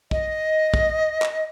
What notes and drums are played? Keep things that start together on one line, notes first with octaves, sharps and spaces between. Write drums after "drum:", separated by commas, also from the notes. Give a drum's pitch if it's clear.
D#5, drum: kick
drum: kick
drum: clap